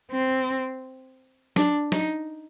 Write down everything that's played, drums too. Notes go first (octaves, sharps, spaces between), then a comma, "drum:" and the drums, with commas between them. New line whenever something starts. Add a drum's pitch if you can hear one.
C4
D4, drum: snare F#3
D#4, drum: snare F#3